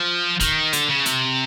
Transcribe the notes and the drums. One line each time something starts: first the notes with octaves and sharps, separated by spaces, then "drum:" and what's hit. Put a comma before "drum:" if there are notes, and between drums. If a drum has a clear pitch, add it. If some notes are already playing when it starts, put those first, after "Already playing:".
Already playing: F3
D#3, drum: kick, hi-hat
D3, drum: hi-hat
C#3
C3, drum: hi-hat